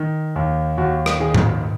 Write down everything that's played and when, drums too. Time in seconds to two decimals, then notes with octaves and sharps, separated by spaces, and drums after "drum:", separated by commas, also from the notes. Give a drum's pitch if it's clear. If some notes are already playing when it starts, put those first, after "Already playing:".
Already playing: D#3
0.36 D#2
0.78 D#2 F#4
1.06 drum: rim click
1.20 D#3 G#4
1.34 drum: tom G#2